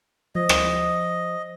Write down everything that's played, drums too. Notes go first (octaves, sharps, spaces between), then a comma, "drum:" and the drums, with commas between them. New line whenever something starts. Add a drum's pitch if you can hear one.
F3 C5 D#5
drum: rim click